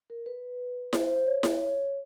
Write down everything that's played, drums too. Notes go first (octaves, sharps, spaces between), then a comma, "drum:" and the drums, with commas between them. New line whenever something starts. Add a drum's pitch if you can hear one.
A#4
B4
C5, drum: snare E4
C5
C#5
drum: snare E4